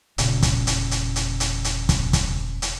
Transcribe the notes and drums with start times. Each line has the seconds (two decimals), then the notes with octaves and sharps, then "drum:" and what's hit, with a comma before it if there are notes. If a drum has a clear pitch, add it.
0.18 E1 A#2 C#3, drum: hi-hat
0.43 drum: kick, hi-hat
0.67 drum: hi-hat
0.91 drum: hi-hat
1.16 drum: hi-hat
1.40 drum: hi-hat
1.64 drum: hi-hat
1.89 drum: kick, hi-hat
2.13 drum: kick, hi-hat
2.62 drum: hi-hat